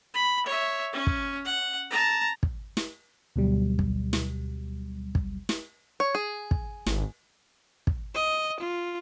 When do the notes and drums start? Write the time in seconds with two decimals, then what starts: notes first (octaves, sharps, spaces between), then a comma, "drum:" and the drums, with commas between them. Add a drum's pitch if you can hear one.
0.14 B5
0.46 C#5 E5
0.93 C#4
1.07 drum: kick
1.45 F#5
1.91 A5 A#5
2.43 drum: kick
2.77 drum: snare
3.36 D2 B2 F#3 G3
3.79 drum: kick
4.13 drum: snare
5.15 drum: kick
5.49 drum: snare
6.00 C#5
6.15 G#4
6.51 drum: kick
6.86 G#1, drum: snare
7.87 drum: kick
8.14 D#5
8.60 F4